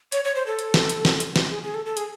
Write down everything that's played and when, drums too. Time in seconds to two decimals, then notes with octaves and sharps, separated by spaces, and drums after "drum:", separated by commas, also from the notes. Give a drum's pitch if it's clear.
0.12 C#5, drum: hi-hat
0.25 C#5
0.35 C5
0.46 A4
0.59 drum: hi-hat
0.74 drum: snare
0.89 drum: hi-hat
1.05 drum: snare
1.20 drum: hi-hat
1.36 drum: snare
1.51 G#4
1.63 G#4
1.74 A4
1.86 A4
1.97 G#4, drum: hi-hat